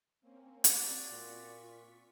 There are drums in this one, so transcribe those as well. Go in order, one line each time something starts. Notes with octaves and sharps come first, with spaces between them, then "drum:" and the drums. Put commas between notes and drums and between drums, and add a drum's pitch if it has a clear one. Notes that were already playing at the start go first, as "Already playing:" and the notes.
A#3 C4 C#4
F#4 D5, drum: hi-hat
A#2 F4 C#6 B6